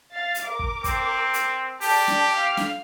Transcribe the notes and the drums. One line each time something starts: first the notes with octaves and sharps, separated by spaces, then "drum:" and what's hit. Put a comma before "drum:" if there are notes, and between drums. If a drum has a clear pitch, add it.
F5 A6
drum: hi-hat
A#4 D6
drum: kick
C4, drum: kick, hi-hat
drum: hi-hat
G4 D5 A5, drum: open hi-hat
drum: snare
F5 F6
drum: snare